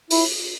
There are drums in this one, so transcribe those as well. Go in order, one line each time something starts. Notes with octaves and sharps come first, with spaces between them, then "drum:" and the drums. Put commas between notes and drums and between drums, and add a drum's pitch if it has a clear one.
E4, drum: open hi-hat